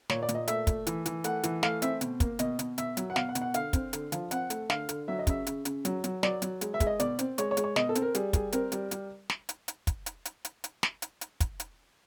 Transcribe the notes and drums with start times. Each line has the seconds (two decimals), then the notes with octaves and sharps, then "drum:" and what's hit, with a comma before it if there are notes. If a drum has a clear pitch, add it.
0.10 A#2 C#5, drum: snare
0.23 D5
0.29 A#2, drum: hi-hat
0.35 D#5
0.48 A3 E5, drum: hi-hat
0.67 A3, drum: kick, hi-hat
0.87 E3, drum: hi-hat
1.06 E3, drum: hi-hat
1.24 A3 F#5, drum: hi-hat
1.43 E3, drum: hi-hat
1.63 A3 F5, drum: snare
1.82 C4 E5, drum: hi-hat
2.01 B2, drum: hi-hat
2.20 A#3, drum: kick, hi-hat
2.39 B2 D#5, drum: hi-hat
2.59 B2, drum: hi-hat
2.78 B2 E5, drum: hi-hat
2.97 F#3, drum: hi-hat
3.10 F#5
3.16 B2 F5, drum: snare
3.29 F#5
3.35 B2, drum: hi-hat
3.41 F#5
3.54 D3 F5, drum: hi-hat
3.73 C4, drum: kick, hi-hat
3.93 D3, drum: hi-hat
4.12 F3, drum: hi-hat
4.31 C4 F#5, drum: hi-hat
4.50 A3, drum: hi-hat
4.70 D3 F5, drum: snare
4.89 D3, drum: hi-hat
5.08 F#3 E5
5.19 D#5
5.27 C#3 E5, drum: kick, hi-hat
5.47 C#3, drum: hi-hat
5.65 C#3, drum: hi-hat
5.85 F#3, drum: hi-hat
6.04 F#3, drum: hi-hat
6.23 F#3 D5, drum: snare
6.42 F#3, drum: hi-hat
6.61 G#3, drum: hi-hat
6.74 E5
6.80 G#3, drum: kick, hi-hat
6.87 D#5
7.00 B2 D5, drum: hi-hat
7.19 C4, drum: hi-hat
7.38 G#3 C#5, drum: hi-hat
7.51 C#5
7.57 G#3, drum: hi-hat
7.64 C#5
7.76 B2 D#5, drum: snare
7.89 A4
7.95 C4, drum: hi-hat
8.02 A#4
8.15 G3 G#4, drum: hi-hat
8.33 G3 G#4, drum: kick, hi-hat
8.52 C4 A#4, drum: hi-hat
8.72 G3, drum: hi-hat
8.91 G3, drum: hi-hat
9.30 drum: snare
9.49 drum: hi-hat
9.68 drum: hi-hat
9.87 drum: kick, hi-hat
10.06 drum: hi-hat
10.25 drum: hi-hat
10.45 drum: hi-hat
10.64 drum: hi-hat
10.83 drum: snare
11.02 drum: hi-hat
11.21 drum: hi-hat
11.40 drum: kick, hi-hat
11.60 drum: hi-hat